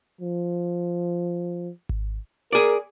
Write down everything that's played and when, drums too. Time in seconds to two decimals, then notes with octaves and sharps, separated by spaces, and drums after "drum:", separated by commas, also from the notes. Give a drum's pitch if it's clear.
0.21 F3
1.89 drum: kick G#1
2.53 G#4 A#4 D5